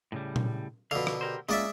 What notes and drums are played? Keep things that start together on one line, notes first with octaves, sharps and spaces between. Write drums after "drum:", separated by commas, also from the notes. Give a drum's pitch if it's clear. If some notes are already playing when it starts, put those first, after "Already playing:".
A2 C#3 G3
drum: tom A#2
B2 D3 F3 F5
drum: rim click
G4 A#4 C5
G#3 A#3 C#4 F4 D5 E5